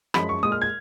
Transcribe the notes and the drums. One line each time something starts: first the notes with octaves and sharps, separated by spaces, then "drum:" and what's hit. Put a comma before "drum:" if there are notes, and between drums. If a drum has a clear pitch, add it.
F#2 F3 G#3 B5, drum: rim click
C#6
A#2 G#3 D#6
F6
G#6